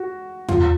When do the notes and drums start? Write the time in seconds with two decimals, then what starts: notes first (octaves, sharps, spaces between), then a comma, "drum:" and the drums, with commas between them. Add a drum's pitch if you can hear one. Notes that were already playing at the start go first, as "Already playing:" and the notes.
Already playing: F#4
0.49 F4, drum: tom E2